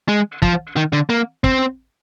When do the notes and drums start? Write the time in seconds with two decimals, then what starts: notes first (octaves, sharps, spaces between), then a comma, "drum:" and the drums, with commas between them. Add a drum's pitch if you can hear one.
0.09 G#3
0.42 F3, drum: kick
0.76 D#3
0.93 D3
1.09 A#3
1.44 C4, drum: kick